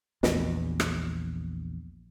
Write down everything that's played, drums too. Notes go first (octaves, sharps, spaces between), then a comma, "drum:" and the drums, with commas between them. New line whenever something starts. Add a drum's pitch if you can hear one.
A#1 E2, drum: snare
drum: rim click